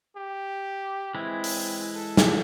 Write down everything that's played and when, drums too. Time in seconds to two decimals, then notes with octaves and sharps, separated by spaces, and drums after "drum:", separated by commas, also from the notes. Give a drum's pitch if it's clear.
0.16 G4
1.15 E3 G#3 C4 E4
1.44 drum: open hi-hat
1.95 A4
2.17 drum: snare